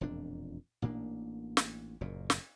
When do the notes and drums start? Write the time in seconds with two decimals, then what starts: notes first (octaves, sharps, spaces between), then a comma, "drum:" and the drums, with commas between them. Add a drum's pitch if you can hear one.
0.01 E1 F2 A#2 D4
0.82 A1 A#2 A#3 D4
1.57 drum: snare
2.01 F#1 F#2 A#2
2.30 drum: snare